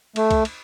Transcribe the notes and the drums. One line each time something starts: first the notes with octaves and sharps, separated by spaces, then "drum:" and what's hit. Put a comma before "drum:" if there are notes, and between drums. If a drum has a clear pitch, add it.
A3, drum: cymbal
drum: kick, cymbal
drum: cymbal